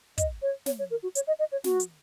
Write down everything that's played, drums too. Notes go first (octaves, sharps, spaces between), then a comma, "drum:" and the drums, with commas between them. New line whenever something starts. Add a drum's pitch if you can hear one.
D#5, drum: kick, hi-hat
C#5
C#5, drum: snare
C#5
A#4
F#4
C#5, drum: hi-hat
D#5
D#5
C#5
F#4, drum: snare
drum: hi-hat